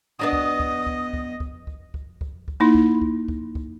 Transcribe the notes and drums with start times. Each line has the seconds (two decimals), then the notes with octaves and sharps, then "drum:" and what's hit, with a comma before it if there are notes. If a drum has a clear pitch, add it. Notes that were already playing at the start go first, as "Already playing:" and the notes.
0.19 B3 D4 F#4 D#5 D#6
0.33 drum: kick
0.60 drum: kick
0.87 drum: kick
1.13 drum: kick
1.40 drum: kick
1.67 drum: kick
1.94 drum: kick
2.21 drum: kick
2.48 drum: kick
2.60 A#3 D#4 E4
2.75 drum: kick
3.02 drum: kick
3.28 drum: kick
3.55 drum: kick